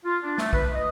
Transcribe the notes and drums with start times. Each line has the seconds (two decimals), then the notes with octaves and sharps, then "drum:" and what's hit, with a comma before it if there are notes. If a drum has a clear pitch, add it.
0.05 F4
0.23 D4
0.38 A3, drum: snare
0.53 B4, drum: kick B1
0.73 D#5